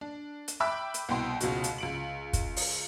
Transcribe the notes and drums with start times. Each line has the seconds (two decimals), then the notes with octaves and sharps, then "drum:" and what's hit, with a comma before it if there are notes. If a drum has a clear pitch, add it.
0.01 D4
0.48 drum: hi-hat
0.60 E5 G5 B5 D6 E6 F#6
0.94 drum: hi-hat
1.09 C2 B2 B3 G5 C6
1.40 F1 C#2 B2 F#4, drum: hi-hat
1.64 drum: hi-hat
1.78 C#2 D7 F#7
2.33 drum: kick, hi-hat
2.56 drum: open hi-hat